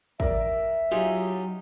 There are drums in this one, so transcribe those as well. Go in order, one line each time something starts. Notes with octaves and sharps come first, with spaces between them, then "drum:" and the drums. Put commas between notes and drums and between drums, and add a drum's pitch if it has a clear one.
A#4 D5 E5, drum: kick
F#3 D#4 F4 G4 G#4
drum: tambourine